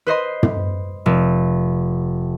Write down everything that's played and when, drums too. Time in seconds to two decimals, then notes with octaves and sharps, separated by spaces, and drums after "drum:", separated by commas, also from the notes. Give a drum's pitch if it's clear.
0.07 B4 C5 D#5 C6
0.43 drum: tom
1.06 F1